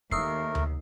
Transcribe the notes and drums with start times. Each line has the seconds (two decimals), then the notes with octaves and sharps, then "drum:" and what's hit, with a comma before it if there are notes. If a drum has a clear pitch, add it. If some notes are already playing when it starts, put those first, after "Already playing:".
0.11 D#2 A3 A#4 D#6 E6 C7, drum: kick
0.55 drum: tom D2